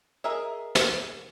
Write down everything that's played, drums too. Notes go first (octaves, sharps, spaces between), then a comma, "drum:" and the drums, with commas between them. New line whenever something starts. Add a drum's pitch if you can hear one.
G#4 A#4 D#5 E5
drum: snare